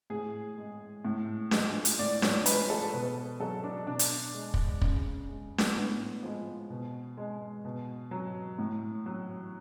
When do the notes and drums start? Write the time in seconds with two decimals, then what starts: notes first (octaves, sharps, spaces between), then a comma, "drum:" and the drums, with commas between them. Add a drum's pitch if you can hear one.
0.10 A2 G#4
0.58 G#3
1.05 A2
1.51 F3 G#3, drum: snare D4
1.85 drum: hi-hat
1.99 A2 D5
2.22 C#5, drum: snare D4
2.46 F3 G#3 B4, drum: hi-hat
2.70 A4
2.93 B2 B4
3.40 F#3 A4
3.64 D4
3.87 B2 D4
3.99 drum: hi-hat
4.34 G#3
4.54 drum: kick
4.81 C#3, drum: kick
5.29 G#3
5.58 drum: snare D4
5.76 A2 B3
6.23 F3 G#3
6.70 B2
7.17 G#3
7.65 B2
8.11 F#3
8.58 A2
9.06 F#3